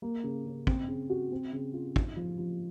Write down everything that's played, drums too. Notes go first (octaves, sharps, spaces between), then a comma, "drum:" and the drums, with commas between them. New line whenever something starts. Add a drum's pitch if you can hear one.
A#3
C#3
C#3
C4, drum: kick
C#3
F#4
C4
C#3
F4
D#4, drum: kick
F3
F3